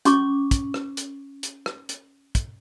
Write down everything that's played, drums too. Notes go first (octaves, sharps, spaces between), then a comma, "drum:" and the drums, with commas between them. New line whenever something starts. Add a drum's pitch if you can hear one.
C#4 C#6 D6, drum: hi-hat
drum: kick, hi-hat
drum: rim click
drum: hi-hat
drum: hi-hat
drum: rim click
drum: hi-hat
drum: kick, hi-hat